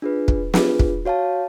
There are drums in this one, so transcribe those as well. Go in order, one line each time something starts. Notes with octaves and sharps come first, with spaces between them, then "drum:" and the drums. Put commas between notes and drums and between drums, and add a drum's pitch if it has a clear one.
D4 F4 G#4 B4
drum: kick
D4 F4 G#4 B4, drum: snare
drum: kick
F#4 C#5 F5 A5